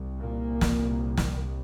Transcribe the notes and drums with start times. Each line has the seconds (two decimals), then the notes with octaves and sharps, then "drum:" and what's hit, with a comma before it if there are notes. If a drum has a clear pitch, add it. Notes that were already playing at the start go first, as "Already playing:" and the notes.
Already playing: C2
0.19 A#2 A#3
0.61 drum: snare
1.17 drum: snare